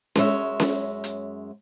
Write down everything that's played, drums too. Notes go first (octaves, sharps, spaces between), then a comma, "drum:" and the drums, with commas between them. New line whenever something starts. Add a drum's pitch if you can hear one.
F#2 G#3 C#5 E5, drum: snare C#4
drum: snare C#4
drum: hi-hat